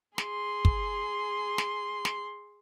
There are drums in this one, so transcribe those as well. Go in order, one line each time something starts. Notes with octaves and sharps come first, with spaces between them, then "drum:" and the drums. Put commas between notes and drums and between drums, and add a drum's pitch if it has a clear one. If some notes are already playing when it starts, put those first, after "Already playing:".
G#4 C6, drum: snare
drum: kick
drum: snare
drum: snare